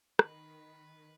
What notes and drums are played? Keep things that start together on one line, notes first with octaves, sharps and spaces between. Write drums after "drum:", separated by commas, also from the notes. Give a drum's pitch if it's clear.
D#3 B4, drum: rim click